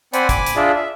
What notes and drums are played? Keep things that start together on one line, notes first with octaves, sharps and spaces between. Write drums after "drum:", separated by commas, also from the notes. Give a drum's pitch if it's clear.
C4 C5 D5 F#5 G#5 B5, drum: hi-hat
G#5 B5 D6, drum: kick, hi-hat
drum: hi-hat
D4 F4 G#4 D5 E5
E5